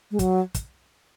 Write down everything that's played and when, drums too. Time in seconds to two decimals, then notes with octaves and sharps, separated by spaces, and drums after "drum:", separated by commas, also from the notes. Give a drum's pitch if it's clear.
0.11 G#3
0.19 F#3, drum: kick, hi-hat
0.55 drum: kick, hi-hat